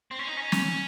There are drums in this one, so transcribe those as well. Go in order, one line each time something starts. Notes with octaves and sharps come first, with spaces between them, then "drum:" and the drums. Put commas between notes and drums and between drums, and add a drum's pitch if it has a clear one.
C4
C#4
D#4
C#4
drum: snare